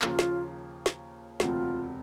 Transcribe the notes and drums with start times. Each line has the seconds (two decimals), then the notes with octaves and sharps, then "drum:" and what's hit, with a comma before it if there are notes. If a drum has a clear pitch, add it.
0.02 D#2 C#3 F3 A#3 F4, drum: clap
0.19 drum: snare
0.86 drum: snare
1.40 E1 D2 C3 F4, drum: snare